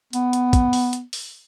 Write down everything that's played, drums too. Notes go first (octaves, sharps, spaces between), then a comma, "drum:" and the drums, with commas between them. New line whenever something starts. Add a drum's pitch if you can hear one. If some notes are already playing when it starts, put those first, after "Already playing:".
B3, drum: hi-hat
drum: hi-hat
drum: kick, hi-hat
drum: open hi-hat
drum: hi-hat
drum: open hi-hat